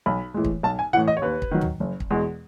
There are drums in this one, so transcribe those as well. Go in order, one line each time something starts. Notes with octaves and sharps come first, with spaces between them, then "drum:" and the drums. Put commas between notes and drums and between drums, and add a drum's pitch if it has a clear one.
B1 B5
A2 E3 G#3
drum: kick
B1 A5
G#5
A2 E3 F#5
D#5
C#5
D#2 B4
drum: kick
D#3 F#3
drum: tom
F#1
drum: kick
E2 B2 G#3